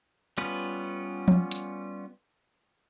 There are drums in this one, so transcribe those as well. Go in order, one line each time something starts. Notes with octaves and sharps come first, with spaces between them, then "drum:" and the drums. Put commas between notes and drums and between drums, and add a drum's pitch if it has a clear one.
G3 B3 C#4 F4 B4
drum: tom F3
drum: hi-hat